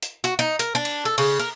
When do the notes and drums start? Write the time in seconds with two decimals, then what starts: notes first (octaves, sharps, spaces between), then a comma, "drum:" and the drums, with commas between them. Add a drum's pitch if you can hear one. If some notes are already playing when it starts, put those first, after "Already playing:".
0.03 drum: hi-hat
0.24 F#4, drum: hi-hat
0.39 D#4
0.59 A#4, drum: hi-hat
0.75 D4
0.85 drum: cymbal
1.05 A4
1.18 C#3, drum: cymbal
1.39 A#4